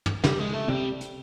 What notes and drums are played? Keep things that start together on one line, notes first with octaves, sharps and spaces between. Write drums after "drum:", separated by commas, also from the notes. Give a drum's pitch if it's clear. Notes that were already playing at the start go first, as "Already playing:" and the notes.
drum: tom
C#3 G3 C#4, drum: snare
G#3
A3
C3 G3 C4
drum: hi-hat